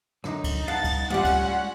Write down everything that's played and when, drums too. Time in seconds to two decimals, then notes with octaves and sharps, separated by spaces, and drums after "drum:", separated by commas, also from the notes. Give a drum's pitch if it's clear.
0.24 F#2 D3 D#4, drum: rim click
0.44 drum: kick C#2, cymbal
0.68 G2 F5 F#5 A5 A6
0.84 drum: kick C#2, cymbal
1.10 A2 G3 G#3 C#4 F4 G4 D5 F#5
1.25 drum: kick C#2, cymbal